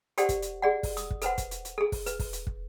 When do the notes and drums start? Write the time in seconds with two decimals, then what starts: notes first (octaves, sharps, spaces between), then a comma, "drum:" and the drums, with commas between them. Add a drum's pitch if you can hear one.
0.18 G4 A4 C5 D5 F#5, drum: hi-hat
0.29 drum: kick, hi-hat
0.42 drum: hi-hat
0.62 G#4 D5 F#5
0.83 drum: kick, open hi-hat
0.97 D#6, drum: hi-hat
1.11 drum: kick
1.22 A4 B4 C5 F#5, drum: hi-hat
1.38 drum: kick, hi-hat
1.51 drum: hi-hat
1.65 drum: hi-hat
1.78 G#4 A4
1.92 drum: kick, open hi-hat
2.06 B4, drum: hi-hat
2.19 drum: kick, open hi-hat
2.33 drum: hi-hat
2.47 drum: kick